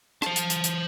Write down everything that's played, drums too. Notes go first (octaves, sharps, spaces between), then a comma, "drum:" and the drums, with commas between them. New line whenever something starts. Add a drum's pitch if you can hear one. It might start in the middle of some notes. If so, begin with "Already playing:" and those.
C5 A5, drum: rim click
drum: hi-hat
drum: hi-hat
drum: hi-hat